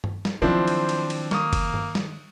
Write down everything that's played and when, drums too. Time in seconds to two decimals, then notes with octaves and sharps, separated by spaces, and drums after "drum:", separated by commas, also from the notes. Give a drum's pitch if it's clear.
0.04 drum: tom G2
0.25 drum: snare
0.42 D#3 F3 F#3 C4 D4 E4 C5
0.68 drum: cymbal
0.89 drum: cymbal
1.10 drum: cymbal
1.31 A#3 C#6 D#6, drum: snare
1.53 drum: kick F#1, cymbal
1.74 drum: tom G2
1.95 drum: snare